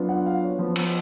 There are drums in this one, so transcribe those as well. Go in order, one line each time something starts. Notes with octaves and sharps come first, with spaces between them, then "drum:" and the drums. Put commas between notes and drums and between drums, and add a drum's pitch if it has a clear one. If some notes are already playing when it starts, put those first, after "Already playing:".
Already playing: F#3 B3 D4 F4
F#5
F5
C#5
F3 B3 F4
drum: cymbal